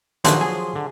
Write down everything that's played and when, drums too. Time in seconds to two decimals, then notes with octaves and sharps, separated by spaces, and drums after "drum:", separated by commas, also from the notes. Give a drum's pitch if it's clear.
0.25 D#2 A#2 D3 F3 F#3 C6, drum: hi-hat
0.41 G#4
0.75 D3